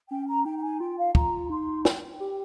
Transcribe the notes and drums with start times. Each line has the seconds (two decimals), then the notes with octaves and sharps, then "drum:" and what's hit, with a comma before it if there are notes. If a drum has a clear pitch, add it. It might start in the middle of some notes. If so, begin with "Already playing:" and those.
0.10 C#4 G5
0.28 A#5
0.45 D#4 G5
0.58 G5
0.62 G#5
0.80 F4 G5
0.98 F5
1.15 F4 A#5, drum: kick
1.50 D#4 C6
1.85 G5, drum: snare
2.20 G4